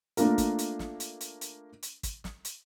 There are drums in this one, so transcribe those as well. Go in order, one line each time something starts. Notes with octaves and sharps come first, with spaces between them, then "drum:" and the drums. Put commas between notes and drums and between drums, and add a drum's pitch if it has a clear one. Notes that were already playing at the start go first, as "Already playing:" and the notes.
A3 A#3 D4 F4 A#4, drum: hi-hat
drum: kick, hi-hat
drum: hi-hat
drum: snare
drum: hi-hat
drum: hi-hat
drum: hi-hat
drum: hi-hat
drum: kick, hi-hat
drum: snare
drum: hi-hat